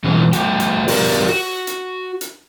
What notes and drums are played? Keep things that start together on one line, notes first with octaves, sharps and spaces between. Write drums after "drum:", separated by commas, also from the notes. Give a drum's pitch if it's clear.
B2 E3 G#3 C#4
A3 F#4 G5, drum: hi-hat
drum: hi-hat
F#4 G4 A#4 D5, drum: open hi-hat
F#4
drum: hi-hat
drum: hi-hat